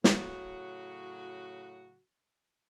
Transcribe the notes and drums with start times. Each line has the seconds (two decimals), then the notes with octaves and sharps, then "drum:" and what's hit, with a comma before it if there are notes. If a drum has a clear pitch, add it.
0.04 A2 C#3 F#3 F#4, drum: snare